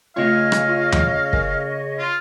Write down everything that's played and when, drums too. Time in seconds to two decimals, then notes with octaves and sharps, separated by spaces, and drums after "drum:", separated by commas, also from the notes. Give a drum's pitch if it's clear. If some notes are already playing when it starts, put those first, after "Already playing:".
0.16 C#3 A3 C4 F4 C#5 D#5 F5
0.52 drum: rim click
0.68 F4
0.92 drum: tom D#2
1.33 A#4 G#5, drum: kick
1.99 F4